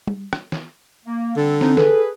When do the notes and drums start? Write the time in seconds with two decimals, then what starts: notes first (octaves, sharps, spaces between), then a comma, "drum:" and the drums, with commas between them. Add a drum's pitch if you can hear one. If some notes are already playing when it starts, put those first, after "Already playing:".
0.07 drum: tom
0.33 drum: rim click
0.52 drum: snare
1.06 A#3
1.37 D3 G3 C4 A4
1.61 C4 D#4, drum: snare
1.77 G#4 A4 B4, drum: snare